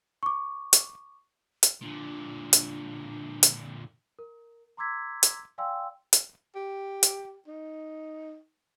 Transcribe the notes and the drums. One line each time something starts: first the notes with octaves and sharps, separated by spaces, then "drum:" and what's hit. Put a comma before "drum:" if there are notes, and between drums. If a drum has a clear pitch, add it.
C#6 D6
drum: hi-hat
drum: hi-hat
A#2 D3 D4
drum: hi-hat
drum: hi-hat
A#4
A#5 C6 D6 E6 G#6 B6
drum: hi-hat
D5 F5 G5 G#5 C6 E6
drum: hi-hat
G4
drum: hi-hat
D#4